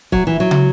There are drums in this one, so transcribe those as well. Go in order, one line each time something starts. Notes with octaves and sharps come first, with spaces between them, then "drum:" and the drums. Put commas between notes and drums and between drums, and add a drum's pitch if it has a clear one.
F#3, drum: kick C#1
E3
F#3
drum: tom